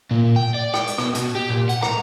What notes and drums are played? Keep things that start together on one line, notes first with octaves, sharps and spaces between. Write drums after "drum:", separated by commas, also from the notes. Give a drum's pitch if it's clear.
A#2
G5
D5
G5, drum: rim click
drum: hi-hat
B2, drum: rim click
B2, drum: hi-hat
G4
A#2
F#5, drum: hi-hat
A#5, drum: rim click